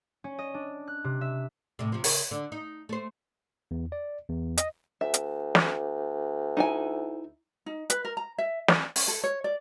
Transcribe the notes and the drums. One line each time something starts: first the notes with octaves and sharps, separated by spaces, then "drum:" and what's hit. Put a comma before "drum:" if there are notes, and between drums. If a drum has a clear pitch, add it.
C#4
D#5
D4
F#6
C3
E5
A2 C3
C3 F3
C#3 A#4 C#5, drum: open hi-hat
D3
D#4
A3 C5
E2
D5
E2
D#5, drum: hi-hat
D2 E5
drum: hi-hat
drum: snare
D#4 E4 G#5
D#4
B4, drum: hi-hat
A#4
A#5
E5
D5, drum: snare
C#4, drum: open hi-hat
A4
C#5
D5